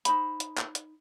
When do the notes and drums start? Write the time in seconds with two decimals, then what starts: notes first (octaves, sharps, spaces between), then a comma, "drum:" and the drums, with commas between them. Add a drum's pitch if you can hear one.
0.05 D#4 C5 B5, drum: hi-hat
0.40 drum: hi-hat
0.58 drum: clap
0.75 drum: hi-hat